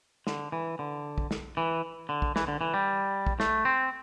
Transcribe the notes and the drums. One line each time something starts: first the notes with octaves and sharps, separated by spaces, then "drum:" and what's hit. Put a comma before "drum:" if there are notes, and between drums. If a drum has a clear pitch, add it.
D3, drum: snare
E3
D3
drum: kick
drum: snare
E3
D3
drum: kick
E3, drum: snare
D3
E3
G3
drum: kick
A3, drum: snare
C4